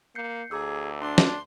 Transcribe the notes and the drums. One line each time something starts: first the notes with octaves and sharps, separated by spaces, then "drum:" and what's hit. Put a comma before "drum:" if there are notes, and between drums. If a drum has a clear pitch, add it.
A#3 G6 C7 C#7
D2 G#4 A#5 D6 E6
D4 C6
drum: snare